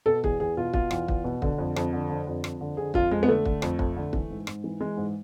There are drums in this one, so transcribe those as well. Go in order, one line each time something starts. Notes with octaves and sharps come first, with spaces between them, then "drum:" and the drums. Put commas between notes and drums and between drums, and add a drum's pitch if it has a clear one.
B2 A4
E2 G#4, drum: kick
E2 G#4
B2 F4
B2 F4, drum: kick
E2, drum: rim click
E2, drum: kick
B2
D3, drum: kick
F2
F2, drum: rim click
D3
D3
F2
F2, drum: rim click
D3
D3 G#4
F2 F4, drum: kick
F2 G#3
B3
D3 A3
D3, drum: kick
F2, drum: rim click
F2, drum: kick
D3
E3, drum: kick
G#2
G#2, drum: rim click
E3
E3 G#3
G#2